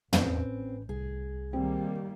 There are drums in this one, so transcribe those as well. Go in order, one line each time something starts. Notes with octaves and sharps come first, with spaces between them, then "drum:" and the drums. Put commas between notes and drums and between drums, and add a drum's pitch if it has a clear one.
A1 C4 C#4 B4, drum: tom
C2 G#4
D#3 G3 A#3 C4